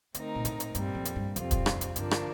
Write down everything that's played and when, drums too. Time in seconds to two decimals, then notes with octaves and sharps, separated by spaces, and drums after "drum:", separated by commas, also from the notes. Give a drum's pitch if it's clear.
0.14 D3 A3 C4 D#4 A#4, drum: hi-hat
0.35 A#2
0.45 A2, drum: hi-hat
0.60 drum: hi-hat
0.75 G2 A#2 G3 C4, drum: hi-hat
0.95 F2
1.05 drum: hi-hat
1.16 G2
1.36 F2 C3 G3 C4 F4, drum: hi-hat
1.51 drum: kick, hi-hat
1.66 drum: rim click
1.81 drum: hi-hat
1.96 G2 D3 F3 A#3 D4, drum: hi-hat
2.11 drum: rim click